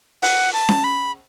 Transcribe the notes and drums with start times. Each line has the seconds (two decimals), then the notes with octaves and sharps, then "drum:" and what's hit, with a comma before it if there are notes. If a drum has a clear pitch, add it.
0.22 F#5, drum: open hi-hat
0.53 A5
0.69 drum: snare C#4
0.84 B5